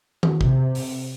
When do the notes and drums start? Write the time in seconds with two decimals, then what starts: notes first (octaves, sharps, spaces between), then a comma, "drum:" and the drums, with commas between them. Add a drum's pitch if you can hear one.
0.23 drum: tom D#3
0.41 C3, drum: kick
0.75 drum: open hi-hat